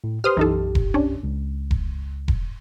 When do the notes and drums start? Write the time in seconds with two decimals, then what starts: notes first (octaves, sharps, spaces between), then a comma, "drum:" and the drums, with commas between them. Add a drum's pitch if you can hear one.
0.04 A2
0.24 G4 B4 C5 C6 D#6 F6
0.37 B1 F#2 E3 D#4 G4 A4
0.75 drum: kick E1
0.94 C#4 D4
1.23 C#2
1.71 drum: kick E1
2.28 drum: kick E1